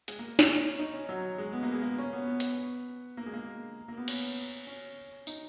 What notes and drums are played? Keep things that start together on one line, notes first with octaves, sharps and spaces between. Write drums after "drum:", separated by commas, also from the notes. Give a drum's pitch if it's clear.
G#3, drum: hi-hat
A#3
drum: snare
C#4
D#4
C#4
F#3
G#3
B3
A#3
G#3
A#3
C#4
B3
B3
drum: hi-hat
A#3
G#3
A#3
A#3
B3
C#4, drum: cymbal
C#4
D#4, drum: tambourine